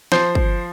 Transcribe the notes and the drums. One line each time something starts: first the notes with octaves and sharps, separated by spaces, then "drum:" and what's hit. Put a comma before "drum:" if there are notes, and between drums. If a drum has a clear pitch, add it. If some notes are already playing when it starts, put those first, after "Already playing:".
F3 C5, drum: snare
drum: kick